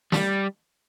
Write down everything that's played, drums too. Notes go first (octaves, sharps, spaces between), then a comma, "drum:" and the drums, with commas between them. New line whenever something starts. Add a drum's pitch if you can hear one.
G3, drum: snare